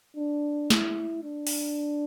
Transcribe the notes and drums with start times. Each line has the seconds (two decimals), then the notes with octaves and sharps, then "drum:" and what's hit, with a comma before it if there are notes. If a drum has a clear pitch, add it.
0.17 D4
0.70 E4, drum: snare
1.23 D4
1.47 drum: open hi-hat